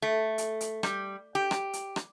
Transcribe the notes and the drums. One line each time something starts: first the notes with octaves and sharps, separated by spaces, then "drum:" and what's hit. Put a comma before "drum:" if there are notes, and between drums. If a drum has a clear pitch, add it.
A3
drum: hi-hat
drum: hi-hat
G3, drum: rim click
G4
drum: rim click
drum: hi-hat
drum: rim click